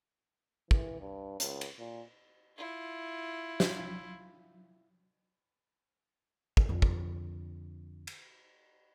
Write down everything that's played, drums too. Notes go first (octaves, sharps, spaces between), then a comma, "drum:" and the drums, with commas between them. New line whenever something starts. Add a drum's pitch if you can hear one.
E3, drum: kick
G2
C#2, drum: hi-hat
drum: cymbal
A#2
E4 F4
drum: snare
drum: kick
F2 D3
drum: kick
drum: cymbal